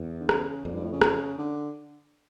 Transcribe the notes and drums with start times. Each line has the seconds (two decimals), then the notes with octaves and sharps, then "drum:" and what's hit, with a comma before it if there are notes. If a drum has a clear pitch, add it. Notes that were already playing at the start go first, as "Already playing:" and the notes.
Already playing: E2
0.20 D3
0.29 C#3, drum: rim click
0.65 F2 A#2
0.74 G2
0.83 A2
0.92 C#3
1.02 drum: rim click
1.38 D3